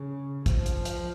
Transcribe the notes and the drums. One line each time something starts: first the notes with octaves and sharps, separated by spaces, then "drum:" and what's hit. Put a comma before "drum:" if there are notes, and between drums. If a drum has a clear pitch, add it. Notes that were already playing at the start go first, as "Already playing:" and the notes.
Already playing: C#3
F3, drum: kick, hi-hat
drum: hi-hat
drum: hi-hat